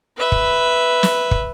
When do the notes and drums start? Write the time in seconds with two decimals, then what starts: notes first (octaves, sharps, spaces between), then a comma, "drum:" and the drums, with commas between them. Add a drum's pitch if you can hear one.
0.18 B4 E5
0.32 drum: kick
1.03 drum: snare
1.31 drum: kick